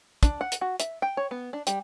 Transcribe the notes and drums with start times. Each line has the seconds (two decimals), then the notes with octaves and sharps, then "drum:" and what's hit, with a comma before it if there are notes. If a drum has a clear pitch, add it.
0.23 D4, drum: kick, hi-hat
0.41 F#5
0.52 drum: hi-hat
0.61 F#4
0.80 E5, drum: hi-hat
1.02 G5
1.17 C#5
1.31 B3
1.53 D4
1.67 G3, drum: hi-hat